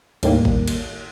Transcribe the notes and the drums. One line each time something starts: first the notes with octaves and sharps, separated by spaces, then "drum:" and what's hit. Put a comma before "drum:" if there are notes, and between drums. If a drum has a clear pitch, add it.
D#2 A2 D#3 G3 A#3, drum: cymbal
drum: kick G#1
drum: cymbal